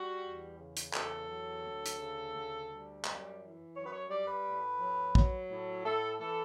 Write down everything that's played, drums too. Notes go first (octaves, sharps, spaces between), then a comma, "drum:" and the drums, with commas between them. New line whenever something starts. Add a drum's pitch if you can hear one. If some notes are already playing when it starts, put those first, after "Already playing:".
Already playing: G3 F#4
E2
C#3
drum: hi-hat
E2 A4, drum: clap
F#3
D2
drum: hi-hat
C#3
D2
G3
F#2, drum: clap
E3
F#2 C#5
B4
C#5
G3 D5
B4
A2
F#3
F#3, drum: kick
A2
A2 A4
E3 A4